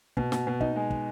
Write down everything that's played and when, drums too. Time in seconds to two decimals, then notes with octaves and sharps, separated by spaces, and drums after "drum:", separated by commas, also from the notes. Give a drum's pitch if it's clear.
0.17 B2, drum: kick
0.32 B2, drum: snare
0.47 B2
0.61 D#4, drum: kick
0.76 G#3
0.90 drum: kick